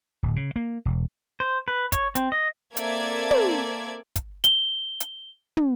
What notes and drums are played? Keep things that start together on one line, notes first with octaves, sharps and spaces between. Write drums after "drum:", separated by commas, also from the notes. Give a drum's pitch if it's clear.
D1
C#3
A#3
E1
C5
B4
C#5, drum: kick, hi-hat
C4, drum: hi-hat
D#5
A#3 C4 A4 D5 E5 G#6, drum: hi-hat
drum: tom
drum: kick, hi-hat
G7, drum: hi-hat
drum: hi-hat
drum: tom